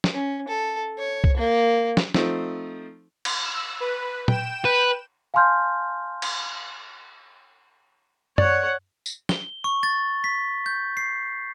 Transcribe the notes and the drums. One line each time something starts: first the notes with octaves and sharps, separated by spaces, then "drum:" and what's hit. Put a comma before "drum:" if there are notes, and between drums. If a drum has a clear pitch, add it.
drum: snare
C#4
A4
C#5
drum: kick C2
A#3
drum: snare
F3 A3 C4 D#4, drum: snare
drum: cymbal
E6
B4
G5 E7, drum: tom
B4
F5 G#5 A5 C6 F6 G6
drum: cymbal
C#5 D5 F#5, drum: tom F#2
drum: tambourine
G7, drum: snare
C#6
A6
B6
G6
C7